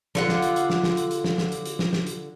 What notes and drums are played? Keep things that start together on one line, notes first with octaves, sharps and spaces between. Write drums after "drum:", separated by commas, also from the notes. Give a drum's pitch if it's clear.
D3 F4 F#5, drum: snare
drum: snare
drum: hi-hat
drum: hi-hat
drum: snare
drum: snare
drum: hi-hat
drum: hi-hat
drum: snare
drum: snare
drum: hi-hat
drum: hi-hat
drum: snare
drum: snare
drum: hi-hat